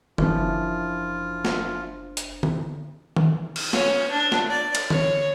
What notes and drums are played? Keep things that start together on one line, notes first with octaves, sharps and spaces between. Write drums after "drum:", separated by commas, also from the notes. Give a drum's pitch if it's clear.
F#1 F#2 E3 F3 D4 F4 C5, drum: tom D3
drum: snare
drum: hi-hat
drum: tom D3
drum: tom D#3
drum: cymbal
C#4, drum: snare
D4
drum: snare
D5
drum: cymbal
C#5, drum: tom D3